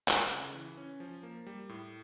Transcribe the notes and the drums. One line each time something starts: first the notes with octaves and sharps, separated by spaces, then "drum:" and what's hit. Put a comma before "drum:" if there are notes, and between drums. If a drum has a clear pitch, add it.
A3, drum: clap
C#3
E3
C#4
F3
A#3
G3
A2